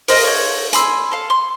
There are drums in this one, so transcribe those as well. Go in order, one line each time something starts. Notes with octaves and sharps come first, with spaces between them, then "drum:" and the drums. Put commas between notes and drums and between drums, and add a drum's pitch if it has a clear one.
A#4 C5 D#5, drum: open hi-hat
C#5 G6
G#5 B5 C6 E6, drum: hi-hat
A4 F5
C6